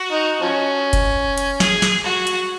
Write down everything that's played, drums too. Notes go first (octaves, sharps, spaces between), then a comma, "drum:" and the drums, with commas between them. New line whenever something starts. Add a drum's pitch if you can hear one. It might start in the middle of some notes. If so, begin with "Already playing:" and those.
Already playing: F#4
D#4
F3 C#4
drum: kick F#1, hi-hat
drum: hi-hat
G#4, drum: snare
drum: snare
F#4
drum: hi-hat